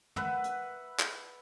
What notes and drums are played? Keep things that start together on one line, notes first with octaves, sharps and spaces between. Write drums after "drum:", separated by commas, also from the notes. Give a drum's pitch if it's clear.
B4 E5 F#5, drum: tom
drum: hi-hat
drum: clap